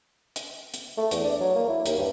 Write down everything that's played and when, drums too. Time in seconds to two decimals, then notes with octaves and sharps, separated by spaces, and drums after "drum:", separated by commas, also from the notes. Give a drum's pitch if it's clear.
0.36 drum: hi-hat
0.74 drum: hi-hat
0.97 A3
1.11 E2, drum: hi-hat
1.24 D4
1.40 F#3
1.55 A#3
1.69 E4
1.86 D#2, drum: hi-hat
1.98 G2